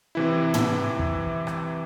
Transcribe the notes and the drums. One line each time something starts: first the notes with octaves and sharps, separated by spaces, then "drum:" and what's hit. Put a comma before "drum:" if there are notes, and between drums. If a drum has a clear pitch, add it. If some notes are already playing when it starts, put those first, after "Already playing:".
C3 E3 E4
drum: tom
drum: kick
drum: rim click